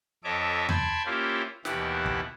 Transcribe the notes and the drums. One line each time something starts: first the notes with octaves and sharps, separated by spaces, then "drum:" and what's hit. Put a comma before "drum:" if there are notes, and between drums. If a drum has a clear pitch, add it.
F2 A4 C#5 D#5 E5 D6
G5 A5 B5 C6 G6 G#6, drum: tom E2
A#3 C#4 E4 F4 G4 C5
D#2 B2 E3 E4 G4 F#5, drum: snare
drum: kick